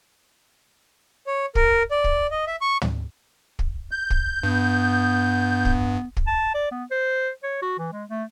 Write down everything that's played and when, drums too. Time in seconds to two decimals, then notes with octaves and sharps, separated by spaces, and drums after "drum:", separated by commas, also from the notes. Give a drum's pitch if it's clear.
1.27 C#5
1.55 A#4, drum: kick
1.91 D5
2.04 drum: kick
2.31 D#5
2.47 E5
2.61 C#6
2.82 drum: tom
3.59 drum: kick
3.91 G6
4.10 drum: kick
4.43 G2 B3
5.65 drum: kick
6.17 drum: kick
6.27 A5
6.55 D5
6.71 B3
6.91 C5
7.43 C#5
7.62 F#4
7.78 E3
7.92 G#3
8.09 A3